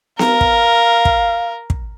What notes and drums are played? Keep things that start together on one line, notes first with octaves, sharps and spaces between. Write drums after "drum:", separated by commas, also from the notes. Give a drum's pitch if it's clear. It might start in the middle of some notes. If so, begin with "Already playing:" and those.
A#4 F5, drum: snare B3
drum: kick
drum: kick
drum: kick